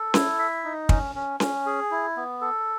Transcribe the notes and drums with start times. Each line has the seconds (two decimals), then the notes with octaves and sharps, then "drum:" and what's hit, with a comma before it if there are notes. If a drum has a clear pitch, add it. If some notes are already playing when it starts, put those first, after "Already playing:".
Already playing: A4
0.14 E4, drum: snare C#4
0.39 E5
0.64 D#4
0.89 C#4, drum: kick
1.15 C#4
1.40 C#4, drum: snare C#4
1.66 G#4
1.91 E4
2.17 B3
2.41 A4